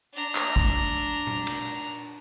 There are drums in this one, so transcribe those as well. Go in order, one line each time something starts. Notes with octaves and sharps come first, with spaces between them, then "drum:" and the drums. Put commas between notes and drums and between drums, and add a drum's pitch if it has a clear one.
D4 A#5
drum: clap
drum: kick
drum: tom A#2
drum: cymbal